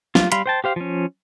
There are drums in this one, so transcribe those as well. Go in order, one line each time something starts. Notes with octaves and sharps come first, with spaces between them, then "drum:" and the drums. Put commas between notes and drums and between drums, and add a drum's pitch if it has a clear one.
F4, drum: snare
G3 F5 B5 C6, drum: hi-hat
C5 G5 A5
G4 C5 F5
F3 C#4